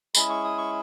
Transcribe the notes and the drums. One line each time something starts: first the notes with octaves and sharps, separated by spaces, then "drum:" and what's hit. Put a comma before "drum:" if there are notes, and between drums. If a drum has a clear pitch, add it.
G#3 C#4 E4 G#4 B5, drum: tambourine
C#6
D#6
C#6